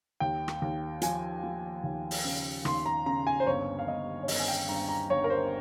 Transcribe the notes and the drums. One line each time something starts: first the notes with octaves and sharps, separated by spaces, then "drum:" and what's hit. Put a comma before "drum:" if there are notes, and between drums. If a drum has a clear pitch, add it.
D#2 G5
drum: rim click
D#2
F3 G#5, drum: hi-hat
F3
D#2
drum: open hi-hat
C#3
D#2 C6, drum: rim click
A#5
C#3 A#5
G#5
C5
G1 C#5
F5
G1 D#5
C#5
G1 D#5, drum: open hi-hat
G#5
G5
G2 A#5
A#5
G1 C#5
A#4
C5